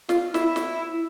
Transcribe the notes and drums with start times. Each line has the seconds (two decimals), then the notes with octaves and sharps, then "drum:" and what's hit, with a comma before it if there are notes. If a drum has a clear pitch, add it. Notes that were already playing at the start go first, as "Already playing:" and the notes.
0.09 F4, drum: snare
0.34 E4, drum: snare
0.56 drum: snare